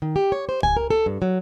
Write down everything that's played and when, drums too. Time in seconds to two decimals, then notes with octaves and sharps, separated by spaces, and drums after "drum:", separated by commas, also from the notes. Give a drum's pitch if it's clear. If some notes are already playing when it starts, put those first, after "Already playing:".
0.02 D#3
0.16 G4
0.32 C#5
0.49 C5
0.63 G#5, drum: kick
0.77 A#4
0.90 A4
1.06 G2
1.22 F#3